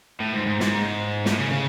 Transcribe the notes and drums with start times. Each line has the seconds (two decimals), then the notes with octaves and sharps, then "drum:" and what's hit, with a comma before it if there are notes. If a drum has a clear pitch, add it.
0.20 A2
0.33 G#2
0.46 G#2
0.60 G#2, drum: snare
1.26 A2, drum: snare
1.39 C#3
1.51 C#3